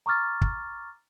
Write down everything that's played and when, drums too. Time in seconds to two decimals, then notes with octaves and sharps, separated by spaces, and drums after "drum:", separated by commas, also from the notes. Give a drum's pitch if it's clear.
0.06 A#5 C#6 D6 F6 A6
0.41 drum: kick